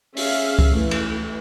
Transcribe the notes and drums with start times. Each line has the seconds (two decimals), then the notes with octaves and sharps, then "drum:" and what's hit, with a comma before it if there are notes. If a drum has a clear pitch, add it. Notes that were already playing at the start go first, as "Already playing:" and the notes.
0.17 C#4 G#4 E5 F5, drum: open hi-hat
0.59 drum: kick C#2
0.70 E3 A3
0.91 drum: cymbal